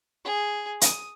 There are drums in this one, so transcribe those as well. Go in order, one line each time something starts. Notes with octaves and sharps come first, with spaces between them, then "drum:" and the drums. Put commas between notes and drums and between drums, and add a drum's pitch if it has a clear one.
G#4
D#6, drum: hi-hat